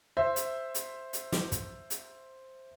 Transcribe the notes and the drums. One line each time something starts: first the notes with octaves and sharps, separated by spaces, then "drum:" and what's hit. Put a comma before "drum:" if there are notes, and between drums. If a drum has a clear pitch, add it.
C5 E5
drum: hi-hat
drum: hi-hat
drum: hi-hat
drum: snare
drum: kick, hi-hat
drum: hi-hat